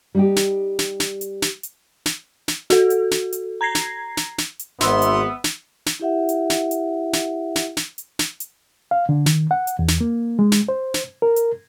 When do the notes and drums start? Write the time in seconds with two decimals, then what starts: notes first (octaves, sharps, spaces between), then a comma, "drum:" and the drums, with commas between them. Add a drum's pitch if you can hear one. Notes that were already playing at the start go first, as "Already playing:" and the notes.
0.15 G3 D#4 G4
0.36 drum: snare
0.79 drum: snare
1.00 drum: snare
1.21 drum: hi-hat
1.42 drum: snare
1.63 drum: hi-hat
2.06 drum: snare
2.48 drum: snare
2.70 F#4 A4, drum: snare
2.90 drum: hi-hat
3.11 drum: snare
3.33 drum: hi-hat
3.61 A#5 G#6 A#6 C7
3.75 drum: snare
4.17 drum: snare
4.38 drum: snare
4.59 drum: hi-hat
4.81 G#1 G#2 B3 E5 C6 E6, drum: snare
5.02 drum: hi-hat
5.44 drum: snare
5.86 drum: snare
6.00 E4 G4 E5 F#5
6.29 drum: hi-hat
6.50 drum: snare
6.71 drum: hi-hat
7.13 drum: snare
7.56 drum: snare
7.77 drum: snare
7.98 drum: hi-hat
8.19 drum: snare
8.40 drum: hi-hat
8.91 F5
9.09 D3
9.26 D#3, drum: snare
9.51 F#5
9.67 drum: hi-hat
9.79 E2
9.88 drum: snare
10.01 A#3
10.39 G#3
10.52 drum: snare
10.69 C5
10.94 drum: snare
11.22 A#4
11.36 drum: hi-hat